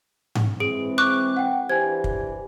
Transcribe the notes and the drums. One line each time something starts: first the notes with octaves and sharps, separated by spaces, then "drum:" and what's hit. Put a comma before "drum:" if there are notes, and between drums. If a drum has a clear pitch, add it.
drum: tom G#2
E3 G#3 C4 G#4 D7
C#6 D6 F#6
F#5 G5
E3 D4 G4 C5 G#5 G#6
drum: kick